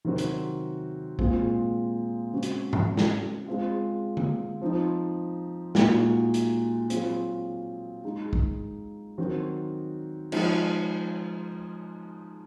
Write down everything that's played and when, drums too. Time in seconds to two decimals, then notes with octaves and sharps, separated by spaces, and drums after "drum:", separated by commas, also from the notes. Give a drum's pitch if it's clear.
0.05 C3 D#3 F#3 C4 F#4
0.18 drum: hi-hat
1.19 A#2 G#3 C4 F4 G#4, drum: kick
2.33 C#3 G#3 C4 F#4
2.43 drum: hi-hat
2.73 drum: tom G#2
2.97 drum: snare
3.47 G#3 C4 F4 G#4
4.17 drum: tom
4.61 F3 C4 D#4
5.75 A#2 G#3 D#4 F#4, drum: snare
6.34 drum: hi-hat
6.90 F#3 C4 F4 G#4, drum: hi-hat
8.04 G#3 D#4 G#4
8.33 drum: kick
9.18 D#3 F#3 C4 D#4 F#4
10.32 F3 G#3 D#4 G#4, drum: cymbal